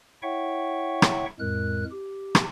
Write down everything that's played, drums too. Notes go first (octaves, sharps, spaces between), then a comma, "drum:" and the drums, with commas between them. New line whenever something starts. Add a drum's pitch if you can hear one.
E4 C#5 E5 F#5 G5 C#6
drum: rim click
F2 A2 G#3 A#4 F#6
G4
drum: rim click